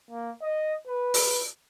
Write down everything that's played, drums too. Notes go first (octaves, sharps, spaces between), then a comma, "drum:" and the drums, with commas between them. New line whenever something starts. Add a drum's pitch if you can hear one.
A#3
D#5
B4
drum: open hi-hat